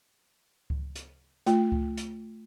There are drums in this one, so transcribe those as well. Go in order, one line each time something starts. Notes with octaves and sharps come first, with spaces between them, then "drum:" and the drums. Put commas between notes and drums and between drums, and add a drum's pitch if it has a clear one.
drum: kick C#2
drum: hi-hat
A3 F4 G5, drum: hi-hat
drum: kick C#2
drum: hi-hat